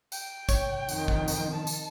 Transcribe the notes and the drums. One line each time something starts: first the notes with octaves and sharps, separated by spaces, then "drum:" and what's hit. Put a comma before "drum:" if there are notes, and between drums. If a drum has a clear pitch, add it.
G5, drum: tambourine
C#5, drum: kick, tambourine
F2 D#3, drum: tambourine
drum: kick
drum: tambourine
A5
drum: tambourine